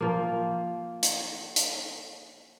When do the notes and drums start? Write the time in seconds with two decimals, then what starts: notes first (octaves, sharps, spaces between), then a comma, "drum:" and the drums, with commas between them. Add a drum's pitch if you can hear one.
0.01 F3 A#3
1.03 drum: hi-hat
1.56 drum: hi-hat